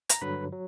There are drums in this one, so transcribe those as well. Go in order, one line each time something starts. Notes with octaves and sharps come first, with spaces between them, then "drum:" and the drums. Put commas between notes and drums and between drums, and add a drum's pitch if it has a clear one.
A#5, drum: hi-hat
G2 D3 F#3 B4 B5
F#3